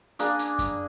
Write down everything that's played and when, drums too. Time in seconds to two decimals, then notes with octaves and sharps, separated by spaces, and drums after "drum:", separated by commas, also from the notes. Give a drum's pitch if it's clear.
0.19 A#3 D4 G#4, drum: hi-hat
0.39 drum: hi-hat
0.59 drum: kick F#2, hi-hat